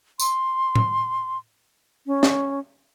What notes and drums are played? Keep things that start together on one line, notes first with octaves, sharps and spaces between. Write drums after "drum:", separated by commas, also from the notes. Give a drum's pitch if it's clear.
C6, drum: tambourine
drum: tom A2
C#4
drum: snare